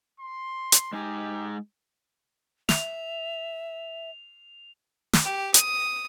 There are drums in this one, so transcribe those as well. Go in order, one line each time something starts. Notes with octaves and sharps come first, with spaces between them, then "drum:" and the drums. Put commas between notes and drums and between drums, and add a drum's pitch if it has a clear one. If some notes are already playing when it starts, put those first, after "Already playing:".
C6
drum: hi-hat
G#3 D#4 G4 G#5
E5 F7, drum: snare
drum: snare
G4
D#6, drum: hi-hat